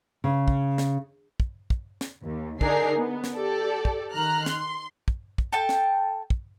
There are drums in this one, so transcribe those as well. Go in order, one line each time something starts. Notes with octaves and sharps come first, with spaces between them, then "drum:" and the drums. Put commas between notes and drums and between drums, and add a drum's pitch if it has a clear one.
C#3
drum: kick
drum: snare
drum: kick
drum: kick
drum: snare
D#2
D3 D4 D#4 G#4 A#4 C7, drum: kick
B3
drum: snare
G4 A4 D5
drum: kick
D#3 A#5 F6 F#6
C6, drum: snare
drum: kick
drum: kick
A4 G5 A5
drum: snare
drum: kick